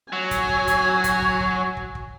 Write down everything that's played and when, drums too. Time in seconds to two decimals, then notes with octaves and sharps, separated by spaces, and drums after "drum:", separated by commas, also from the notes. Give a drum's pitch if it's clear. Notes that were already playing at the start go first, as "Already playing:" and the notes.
0.13 F#3 G#5
0.31 drum: kick, hi-hat
0.49 drum: kick
0.67 drum: kick, hi-hat
1.04 drum: kick, hi-hat
1.22 drum: kick
1.40 drum: kick
1.77 drum: kick
1.95 drum: kick